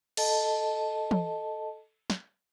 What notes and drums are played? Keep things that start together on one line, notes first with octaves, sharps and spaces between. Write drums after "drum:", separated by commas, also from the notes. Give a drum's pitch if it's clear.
A4 D#5 A5, drum: cymbal
drum: tom E3
drum: snare